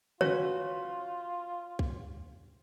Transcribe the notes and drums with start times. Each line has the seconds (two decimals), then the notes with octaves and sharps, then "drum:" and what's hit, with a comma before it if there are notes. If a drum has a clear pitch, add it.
0.21 C#4 F4 F#4 B4 C#5, drum: tom C#3
1.79 drum: kick